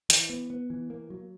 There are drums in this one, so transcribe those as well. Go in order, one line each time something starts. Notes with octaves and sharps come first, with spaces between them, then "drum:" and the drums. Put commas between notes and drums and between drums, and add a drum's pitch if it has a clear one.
E3, drum: hi-hat
B3
B3
E3
A#3
F#3